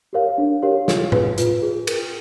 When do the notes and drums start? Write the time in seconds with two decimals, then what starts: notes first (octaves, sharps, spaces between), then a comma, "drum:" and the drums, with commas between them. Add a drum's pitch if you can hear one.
0.13 G4 A#4 C#5 F5
0.38 D4
0.62 G4 A#4 C#5 F5
0.88 F4, drum: snare
1.12 G#4 B4, drum: tom A2
1.38 F4, drum: hi-hat
1.62 G#4 B4
1.87 A#4, drum: cymbal